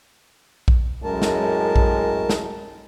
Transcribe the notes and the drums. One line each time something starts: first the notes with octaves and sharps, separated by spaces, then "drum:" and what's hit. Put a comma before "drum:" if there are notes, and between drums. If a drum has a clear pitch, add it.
drum: kick A#1
F#2 A2 G#3 A#4 A5
drum: snare
drum: kick A#1
drum: snare